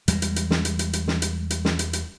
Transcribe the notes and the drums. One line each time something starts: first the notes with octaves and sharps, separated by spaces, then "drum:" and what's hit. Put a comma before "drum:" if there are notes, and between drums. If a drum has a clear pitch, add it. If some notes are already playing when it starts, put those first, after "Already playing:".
E2 G3 G#3, drum: hi-hat
drum: hi-hat
drum: hi-hat
drum: snare
drum: hi-hat
drum: hi-hat
drum: hi-hat
drum: snare
drum: hi-hat
drum: hi-hat
drum: snare
drum: hi-hat
drum: hi-hat